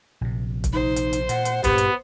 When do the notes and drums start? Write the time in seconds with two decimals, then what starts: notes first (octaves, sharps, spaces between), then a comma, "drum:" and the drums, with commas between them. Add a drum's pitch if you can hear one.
0.21 A#1 C3
0.64 drum: kick, hi-hat
0.73 D#4 C5
0.96 drum: hi-hat
1.13 drum: hi-hat
1.29 A#2 F#5, drum: hi-hat
1.45 drum: hi-hat
1.64 G2 A#2 B3 G4, drum: kick, hi-hat
1.78 drum: hi-hat